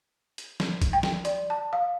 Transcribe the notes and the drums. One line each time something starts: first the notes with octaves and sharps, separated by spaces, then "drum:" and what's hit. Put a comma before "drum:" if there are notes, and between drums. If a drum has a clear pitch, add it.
drum: hi-hat
drum: snare
drum: kick, hi-hat
G5
drum: snare
D5, drum: hi-hat
A5
F5